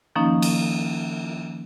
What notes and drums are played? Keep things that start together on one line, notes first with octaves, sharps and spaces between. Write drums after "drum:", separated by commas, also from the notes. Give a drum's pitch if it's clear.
D#3 F3 A#3 C#4 D#4
drum: cymbal